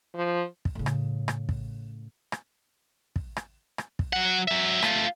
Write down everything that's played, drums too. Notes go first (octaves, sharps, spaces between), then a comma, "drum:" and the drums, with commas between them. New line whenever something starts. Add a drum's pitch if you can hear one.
F3
drum: kick
A2 C#3
drum: rim click
drum: rim click
drum: kick
drum: rim click
drum: kick
drum: rim click
drum: rim click
drum: kick
F#3 F#5
F#3 E5
A3 F4, drum: rim click